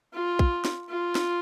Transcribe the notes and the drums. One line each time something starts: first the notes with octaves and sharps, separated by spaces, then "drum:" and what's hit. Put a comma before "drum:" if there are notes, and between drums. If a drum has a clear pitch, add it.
F4
drum: kick
drum: snare
F4
drum: snare